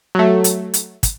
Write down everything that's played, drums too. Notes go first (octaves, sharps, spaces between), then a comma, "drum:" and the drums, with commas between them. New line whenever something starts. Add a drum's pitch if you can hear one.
F#3 A3
drum: hi-hat
drum: hi-hat
drum: kick, hi-hat